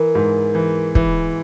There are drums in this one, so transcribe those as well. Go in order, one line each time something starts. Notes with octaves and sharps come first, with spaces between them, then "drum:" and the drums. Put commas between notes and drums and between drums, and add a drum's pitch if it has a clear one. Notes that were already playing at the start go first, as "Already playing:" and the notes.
Already playing: E3 A#4
G#2
E3
E3, drum: kick